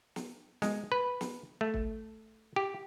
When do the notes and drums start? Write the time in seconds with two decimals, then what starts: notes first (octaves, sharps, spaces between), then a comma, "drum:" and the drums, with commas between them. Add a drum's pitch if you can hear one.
0.16 drum: snare
0.62 G#3, drum: snare
0.92 B4
1.21 drum: snare
1.61 A3
1.74 drum: kick
2.56 G4